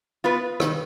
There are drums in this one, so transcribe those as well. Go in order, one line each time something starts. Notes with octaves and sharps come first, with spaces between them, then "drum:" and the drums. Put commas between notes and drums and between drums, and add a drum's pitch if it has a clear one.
B3 F4 B4
D#3, drum: rim click